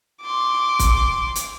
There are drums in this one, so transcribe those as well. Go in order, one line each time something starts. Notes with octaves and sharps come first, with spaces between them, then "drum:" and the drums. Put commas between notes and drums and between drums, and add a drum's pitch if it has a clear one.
C6 D6
drum: kick, hi-hat
drum: hi-hat